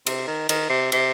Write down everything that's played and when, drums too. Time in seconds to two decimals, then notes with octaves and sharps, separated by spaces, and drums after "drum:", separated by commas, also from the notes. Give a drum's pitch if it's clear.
0.07 C3, drum: cymbal
0.27 D#3
0.49 D#3, drum: cymbal
0.70 C3
0.92 C3, drum: cymbal